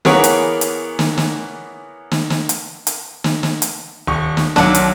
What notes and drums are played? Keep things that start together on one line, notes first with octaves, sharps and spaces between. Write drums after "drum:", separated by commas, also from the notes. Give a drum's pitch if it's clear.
E3 A#3 B3 G#4 A#4 C#5, drum: snare
drum: hi-hat
drum: hi-hat
drum: snare
drum: snare
drum: snare
drum: snare
drum: hi-hat
drum: hi-hat
drum: snare
drum: snare
drum: hi-hat
D#1 C#6
drum: snare
B1 D#3 F#3 D4, drum: snare
drum: hi-hat